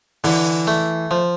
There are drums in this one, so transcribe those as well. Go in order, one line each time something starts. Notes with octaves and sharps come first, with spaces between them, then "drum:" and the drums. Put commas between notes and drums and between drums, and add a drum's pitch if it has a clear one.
D3 E3, drum: open hi-hat
A3
F3